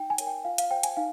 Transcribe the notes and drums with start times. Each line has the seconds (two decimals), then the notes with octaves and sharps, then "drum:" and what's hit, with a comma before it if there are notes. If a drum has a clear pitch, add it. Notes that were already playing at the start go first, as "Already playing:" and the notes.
Already playing: D#4 G5
0.10 G#5
0.18 A#4 C#5, drum: hi-hat
0.27 G5
0.44 F4 F5
0.58 F5, drum: hi-hat
0.71 C5 G5
0.83 G#5, drum: hi-hat
0.97 D#4 F5